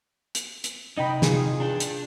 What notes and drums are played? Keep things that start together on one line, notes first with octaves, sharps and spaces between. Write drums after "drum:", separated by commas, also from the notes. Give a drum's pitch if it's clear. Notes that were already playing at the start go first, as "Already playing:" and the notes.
drum: hi-hat
drum: hi-hat
C3 D#4 D#5 G5 B5
F4 G#4, drum: snare
D4 G5
drum: hi-hat